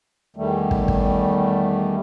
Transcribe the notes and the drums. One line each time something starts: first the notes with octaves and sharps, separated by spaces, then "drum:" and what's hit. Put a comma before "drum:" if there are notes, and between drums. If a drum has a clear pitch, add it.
E2 D#3 G3 A3
drum: kick
drum: kick